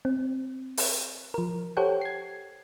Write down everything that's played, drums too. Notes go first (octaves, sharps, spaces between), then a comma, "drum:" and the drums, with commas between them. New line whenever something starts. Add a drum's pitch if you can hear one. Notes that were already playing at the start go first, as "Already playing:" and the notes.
C4
drum: open hi-hat
F3 A#4
G4 A4 C5 C#5 F#5 G5
G#6 C7